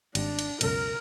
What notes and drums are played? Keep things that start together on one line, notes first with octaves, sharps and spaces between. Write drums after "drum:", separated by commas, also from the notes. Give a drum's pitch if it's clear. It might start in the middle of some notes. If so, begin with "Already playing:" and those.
G#1 G3 D4, drum: cymbal
drum: cymbal
C#2 F#2 B2 A#4, drum: cymbal